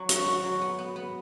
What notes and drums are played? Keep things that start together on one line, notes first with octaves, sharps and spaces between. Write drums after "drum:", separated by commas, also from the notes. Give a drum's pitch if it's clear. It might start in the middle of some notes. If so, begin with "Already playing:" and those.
Already playing: F#3
F#4, drum: hi-hat
F#4
F#3
B3
B3
B3